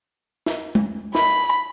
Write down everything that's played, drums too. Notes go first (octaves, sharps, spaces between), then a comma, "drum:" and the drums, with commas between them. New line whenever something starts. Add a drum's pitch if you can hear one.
drum: snare
drum: tom G#3
B5, drum: snare